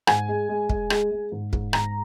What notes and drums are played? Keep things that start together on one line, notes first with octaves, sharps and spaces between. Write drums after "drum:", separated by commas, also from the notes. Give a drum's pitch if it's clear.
G#2 G#5, drum: rim click
G#3
G#3
G#3, drum: kick
G#3, drum: rim click
G#3
G#2
G#2, drum: kick
G#2 A#5, drum: rim click